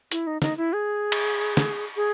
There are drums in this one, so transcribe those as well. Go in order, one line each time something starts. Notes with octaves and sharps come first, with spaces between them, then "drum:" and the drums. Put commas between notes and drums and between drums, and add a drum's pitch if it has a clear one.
E4, drum: hi-hat
D#4
D#4, drum: snare
E4
G#4
drum: cymbal
drum: snare
G#4